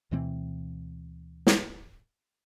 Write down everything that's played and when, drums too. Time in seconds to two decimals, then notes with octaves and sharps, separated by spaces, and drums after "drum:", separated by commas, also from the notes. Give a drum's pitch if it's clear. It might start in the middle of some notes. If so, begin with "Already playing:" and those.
0.11 D2 B2 E3 C4
1.47 drum: snare